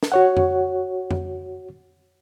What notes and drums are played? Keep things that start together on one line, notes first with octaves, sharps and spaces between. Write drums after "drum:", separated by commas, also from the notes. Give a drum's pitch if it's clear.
drum: snare
F#4 C#5 F#5
drum: tom F2
drum: tom F2